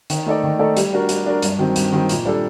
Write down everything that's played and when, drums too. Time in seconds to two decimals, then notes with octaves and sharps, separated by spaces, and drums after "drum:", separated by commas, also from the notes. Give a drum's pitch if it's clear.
0.10 D#3, drum: hi-hat
0.26 A3 D#4 A4 D5
0.44 D#3
0.59 A3 D#4 A4 D5
0.77 G3, drum: hi-hat
0.93 D4 F#4 A#4
1.09 G3, drum: hi-hat
1.26 D4 F#4 A#4
1.42 G2, drum: hi-hat
1.59 D#3 F#3 C4
1.76 G2, drum: hi-hat
1.92 D#3 F#3 C4
2.09 A#2, drum: hi-hat
2.25 G3 D4 A4